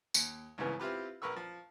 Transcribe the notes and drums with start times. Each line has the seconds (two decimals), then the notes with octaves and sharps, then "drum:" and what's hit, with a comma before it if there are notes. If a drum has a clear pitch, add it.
0.14 D#2, drum: tambourine
0.58 C2 G#2 C#3 E3 B3
0.80 C4 E4 F4 G4 B4
1.22 A#1 A#4 B4 C#6 E6
1.36 F3